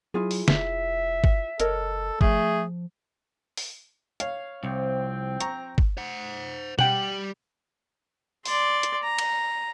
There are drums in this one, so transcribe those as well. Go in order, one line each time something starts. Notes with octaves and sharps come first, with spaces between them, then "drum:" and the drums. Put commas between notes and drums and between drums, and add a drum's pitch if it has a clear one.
F#3 E4 F4 G#4
drum: open hi-hat
F1 E5, drum: snare
drum: kick
F#1 A4 A#4 C#5 D#5, drum: hi-hat
F3 A3 G#4, drum: kick
drum: open hi-hat
C#5 F5, drum: hi-hat
C2 F3 C4 G5
A#5 C#6, drum: hi-hat
drum: kick
C5 F#5
G3 F#5 G5 F#7, drum: tom B2
D5 C6, drum: open hi-hat
drum: hi-hat
A#5
drum: cymbal